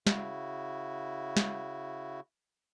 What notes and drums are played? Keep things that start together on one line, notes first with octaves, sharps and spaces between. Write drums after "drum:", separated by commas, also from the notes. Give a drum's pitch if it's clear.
C#3 E4 F#4, drum: snare
drum: snare